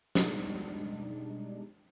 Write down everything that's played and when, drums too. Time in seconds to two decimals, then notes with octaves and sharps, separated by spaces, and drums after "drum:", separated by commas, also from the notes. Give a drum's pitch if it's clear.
0.15 B2 G3 G#3 D4 D#4, drum: snare